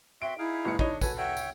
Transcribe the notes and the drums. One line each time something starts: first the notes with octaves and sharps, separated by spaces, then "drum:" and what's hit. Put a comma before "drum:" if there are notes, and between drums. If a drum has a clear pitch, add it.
C4 F#4 E5 C6 D7
D#4 E4 G#4 F5
G1 A2 C#7
D4 D#4 C#5 D#5, drum: kick
F#4 A4 B4 C#5 G#5, drum: kick, tambourine
C#5 E5 F#5 G5
drum: tambourine